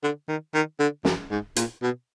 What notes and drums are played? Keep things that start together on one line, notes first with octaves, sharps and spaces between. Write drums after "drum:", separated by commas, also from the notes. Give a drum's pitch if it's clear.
D3
D#3
D#3
D3
F#2, drum: snare
G#2
A#2, drum: hi-hat
B2